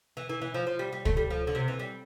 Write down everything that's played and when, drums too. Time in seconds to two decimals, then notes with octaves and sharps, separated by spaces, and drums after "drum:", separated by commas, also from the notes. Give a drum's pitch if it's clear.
0.17 E3
0.29 E3
0.42 E3
0.54 F3
0.67 F3
0.79 G3
0.93 G3
1.05 A3, drum: kick
1.17 G3
1.30 F3
1.47 D3
1.55 C3
1.68 E3
1.79 G3